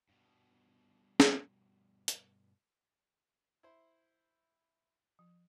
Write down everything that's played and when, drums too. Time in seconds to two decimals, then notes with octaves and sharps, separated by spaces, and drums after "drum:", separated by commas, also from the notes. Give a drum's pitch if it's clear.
0.09 G2 B2
1.20 drum: snare
2.08 drum: hi-hat
3.63 E4 C5
5.19 F3